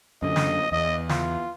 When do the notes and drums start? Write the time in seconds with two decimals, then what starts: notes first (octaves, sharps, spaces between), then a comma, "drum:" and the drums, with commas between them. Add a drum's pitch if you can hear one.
0.22 F#2 D3 D#5
0.36 drum: snare
0.72 E2 D#5
1.09 F4, drum: snare